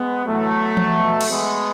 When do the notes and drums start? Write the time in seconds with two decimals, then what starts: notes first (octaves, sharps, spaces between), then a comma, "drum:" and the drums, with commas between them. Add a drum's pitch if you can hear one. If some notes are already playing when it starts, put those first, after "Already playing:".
Already playing: G#3 B3
0.26 A2 E3 F#3 A3
0.77 drum: tom E3
0.96 B2
1.21 drum: cymbal
1.31 G#3 B3